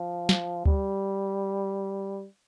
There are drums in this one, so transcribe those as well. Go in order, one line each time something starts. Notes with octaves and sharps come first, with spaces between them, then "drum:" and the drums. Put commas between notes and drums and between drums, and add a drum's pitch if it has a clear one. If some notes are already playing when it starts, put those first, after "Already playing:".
Already playing: F3
drum: snare
G3, drum: kick D2